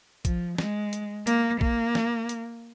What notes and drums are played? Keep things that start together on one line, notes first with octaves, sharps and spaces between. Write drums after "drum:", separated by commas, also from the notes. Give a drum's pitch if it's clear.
F3, drum: kick A#1, hi-hat
G#3, drum: snare
drum: hi-hat
A#3, drum: hi-hat
A#3, drum: kick A#1
drum: snare
drum: hi-hat